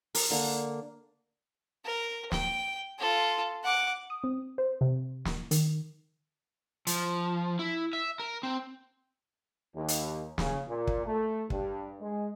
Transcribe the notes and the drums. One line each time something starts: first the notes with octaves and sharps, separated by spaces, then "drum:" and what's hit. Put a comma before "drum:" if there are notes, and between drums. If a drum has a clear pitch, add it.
A#4, drum: open hi-hat
D3 A#3
A#4
G5, drum: snare
F4 A4
F#5 D6
D#6
C4
C5
C3
drum: snare
D#3, drum: hi-hat
F3, drum: hi-hat
E4
E5
A#4
C4
D#2
drum: hi-hat
C#3, drum: snare
A#2
drum: kick
A3
G2, drum: kick
G#3